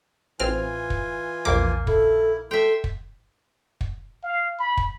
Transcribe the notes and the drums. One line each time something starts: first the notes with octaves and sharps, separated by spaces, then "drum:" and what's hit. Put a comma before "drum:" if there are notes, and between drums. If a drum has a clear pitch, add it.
A1 E3 C4 F4 G#5 F6
drum: kick
A#1 E2 A#3 D6
E4 A4, drum: kick
A4 E5 G5 C6
drum: kick
drum: kick
F5
B5
drum: kick